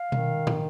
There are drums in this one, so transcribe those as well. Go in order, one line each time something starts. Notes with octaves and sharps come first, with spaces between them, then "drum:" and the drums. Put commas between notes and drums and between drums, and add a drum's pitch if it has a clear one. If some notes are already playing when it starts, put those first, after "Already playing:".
Already playing: F5
D#3, drum: tom B2
drum: tom